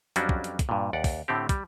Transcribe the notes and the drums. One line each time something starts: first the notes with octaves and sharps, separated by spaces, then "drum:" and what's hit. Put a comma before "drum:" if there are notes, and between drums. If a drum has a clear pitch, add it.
F2 F#3 G3 C#4 D4 F#4, drum: hi-hat
drum: kick
drum: hi-hat
drum: kick, hi-hat
G2 A#2
D#2 D5 F#5
drum: kick, open hi-hat
A2 D3 A3 C4 G4
G3, drum: kick, hi-hat